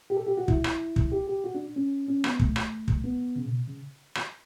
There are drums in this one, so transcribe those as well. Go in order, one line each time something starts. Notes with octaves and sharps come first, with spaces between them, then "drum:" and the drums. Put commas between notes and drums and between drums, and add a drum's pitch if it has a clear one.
G4
A4
G4
F#4
E4, drum: kick
drum: rim click
drum: kick
G4
G4
F#4
D4
C#4
C#4
B3, drum: rim click
A3, drum: kick
drum: rim click
drum: kick
B3
C#3
B2
C#3
drum: rim click